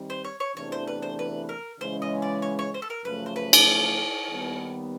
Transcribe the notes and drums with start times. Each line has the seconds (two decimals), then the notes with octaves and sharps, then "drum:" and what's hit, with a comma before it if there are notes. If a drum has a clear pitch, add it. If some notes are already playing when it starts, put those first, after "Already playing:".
Already playing: D#3 G3 C4
0.10 C5
0.24 C#5
0.40 C#5
0.56 E2 C3 E3 A3 D4 C#5
0.72 C5
0.87 B4
1.02 C5
1.19 B4
1.49 A#4
1.80 C#3 E3 G#3 C#4 C5
2.02 D#5
2.22 D5
2.42 C#5
2.59 C#5
2.74 C5
2.82 A4
2.90 A#4
3.04 F#2 C#3 F3 A3 B4
3.26 C5
3.36 B4
3.53 drum: cymbal
4.30 D#2 D#3 G3 B3